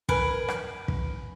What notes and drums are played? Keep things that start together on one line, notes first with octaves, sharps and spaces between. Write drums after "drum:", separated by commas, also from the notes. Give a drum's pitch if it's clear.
A#4 B4 G#5, drum: kick
drum: rim click
drum: kick